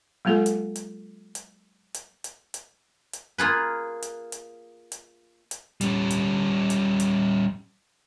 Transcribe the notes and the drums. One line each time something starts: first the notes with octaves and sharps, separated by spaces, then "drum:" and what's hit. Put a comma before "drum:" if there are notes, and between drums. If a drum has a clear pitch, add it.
F#3 G#3 A#3 F4 G#4 A4
drum: hi-hat
drum: hi-hat
drum: hi-hat
drum: hi-hat
drum: hi-hat
drum: hi-hat
drum: hi-hat
A#3 F4 G#4 B4
drum: hi-hat
drum: hi-hat
drum: hi-hat
drum: hi-hat
G3 C#4, drum: hi-hat
drum: hi-hat
drum: hi-hat
drum: hi-hat